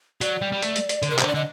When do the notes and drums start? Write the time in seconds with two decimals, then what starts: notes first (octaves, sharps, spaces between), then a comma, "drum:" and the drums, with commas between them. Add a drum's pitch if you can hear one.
0.21 F#3 D5, drum: hi-hat
0.42 G3
0.52 G3
0.62 A3, drum: hi-hat
0.76 drum: hi-hat
0.89 drum: hi-hat
1.03 D3, drum: hi-hat
1.10 C3 A#4
1.19 C5, drum: clap
1.24 D3
1.27 D5
1.34 D3 D#5